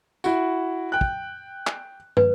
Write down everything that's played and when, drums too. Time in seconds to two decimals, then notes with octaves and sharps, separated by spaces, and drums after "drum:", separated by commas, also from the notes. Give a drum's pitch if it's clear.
0.24 E4 F#4, drum: tambourine
0.92 G5 F#6
1.01 drum: kick
1.67 drum: clap
2.17 B4, drum: tom